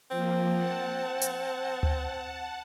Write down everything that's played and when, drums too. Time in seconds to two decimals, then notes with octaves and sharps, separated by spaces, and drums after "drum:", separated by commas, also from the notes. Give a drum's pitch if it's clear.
0.11 F3 A#3 C4
0.54 F#5 A5
1.21 drum: hi-hat
1.83 drum: tom D2